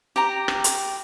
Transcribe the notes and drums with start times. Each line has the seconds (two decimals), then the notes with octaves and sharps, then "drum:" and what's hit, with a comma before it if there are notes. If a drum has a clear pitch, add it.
0.16 G4 A#5
0.48 drum: rim click
0.64 drum: hi-hat